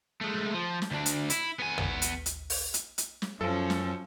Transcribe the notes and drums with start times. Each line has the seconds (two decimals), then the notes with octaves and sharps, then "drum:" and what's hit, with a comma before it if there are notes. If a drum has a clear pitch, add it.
0.21 G#3 A3
0.54 F3
0.82 drum: snare
0.91 D2 D4
1.06 drum: hi-hat
1.30 E4, drum: hi-hat
1.59 B3 G#5
1.78 drum: tom
2.02 drum: hi-hat
2.26 drum: hi-hat
2.50 drum: open hi-hat
2.74 drum: hi-hat
2.98 drum: hi-hat
3.22 drum: snare
3.41 F#2 F3 C#4 A4
3.70 drum: snare